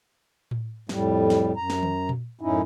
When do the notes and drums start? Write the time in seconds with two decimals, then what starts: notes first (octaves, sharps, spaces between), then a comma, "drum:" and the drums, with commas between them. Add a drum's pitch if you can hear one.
0.51 drum: tom A2
0.89 F2 A2 G3, drum: snare
1.30 drum: snare
1.57 F#2 A#5
1.70 drum: snare
1.83 drum: tom D#3
2.09 drum: tom A#2
2.41 F#2 A2 C#4 D#4 E4